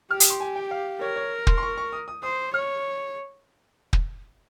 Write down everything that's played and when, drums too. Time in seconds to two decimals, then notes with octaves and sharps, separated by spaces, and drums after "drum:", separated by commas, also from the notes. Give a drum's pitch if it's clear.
0.11 G4 F6
0.20 D#6, drum: hi-hat
0.30 C6
0.40 G#5
0.56 G5
0.71 F5
1.01 A#4 C#5
1.16 C#5
1.47 C6, drum: kick
1.58 C6
1.63 C#6
1.78 C#6
1.93 D#6
2.08 D#6
2.23 C5 D#6
2.53 C#5 F6
3.93 drum: kick